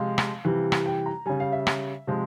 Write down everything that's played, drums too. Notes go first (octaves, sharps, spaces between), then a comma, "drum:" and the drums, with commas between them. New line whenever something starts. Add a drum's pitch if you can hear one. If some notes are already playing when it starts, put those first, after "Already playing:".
Already playing: C3 F3 G#3 F5
drum: rim click
C3 E3 G3
drum: rim click
G5
A#5
C#3 G3 G#5
F5
E5
drum: rim click
C3 F3 G#3